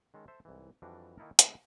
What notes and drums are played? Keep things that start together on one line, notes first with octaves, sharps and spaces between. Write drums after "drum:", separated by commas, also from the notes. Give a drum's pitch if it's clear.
D#3 G#3 C#4 A4
A4 C5 E5
C2 G#2 E3
F2 E3 G3 D4 F#4 D5
D#3 A#3 D#4 E4 A4 A#4
C#3 G#3 A3 B3 C4 D#4, drum: hi-hat